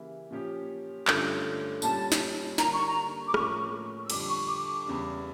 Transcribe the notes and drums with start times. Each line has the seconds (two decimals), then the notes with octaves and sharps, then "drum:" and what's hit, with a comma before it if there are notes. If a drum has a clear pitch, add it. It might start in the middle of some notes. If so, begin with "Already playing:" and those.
Already playing: C#3 E3 A#3 E4 G4
0.31 A#2 F3 C#4 G4
1.07 G2 D3 A3 C#4 F4, drum: clap
1.82 A#2 G3 C#4 A5, drum: tambourine
2.12 drum: snare
2.58 D3 G3 A#3 A#5, drum: snare
2.73 C#6
2.86 A#5
3.27 D6
3.34 A2 F3 A#3 C#4 C#6, drum: rim click
4.05 E6
4.10 F2 D3 G3 D6, drum: cymbal
4.29 C#6
4.48 D6
4.86 E2 C#3 G3